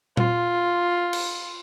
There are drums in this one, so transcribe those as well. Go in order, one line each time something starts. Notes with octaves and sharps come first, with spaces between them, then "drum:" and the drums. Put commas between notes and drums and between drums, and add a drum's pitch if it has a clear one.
F4, drum: tom A#2
drum: cymbal